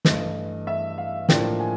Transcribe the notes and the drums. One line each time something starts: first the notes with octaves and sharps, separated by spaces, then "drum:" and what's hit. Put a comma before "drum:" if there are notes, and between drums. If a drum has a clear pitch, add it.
G2 E3 A3 D#5, drum: snare
E5
F5
A2 F3 A#3 D4 G5, drum: snare
G#5